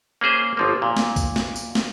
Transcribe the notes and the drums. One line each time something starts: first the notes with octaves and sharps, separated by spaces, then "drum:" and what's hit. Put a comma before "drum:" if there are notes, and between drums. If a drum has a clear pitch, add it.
A#3 C#4 G#4 C5
G1 F3 A#3
A#2
drum: snare
drum: kick, tambourine
drum: snare
drum: tambourine
drum: snare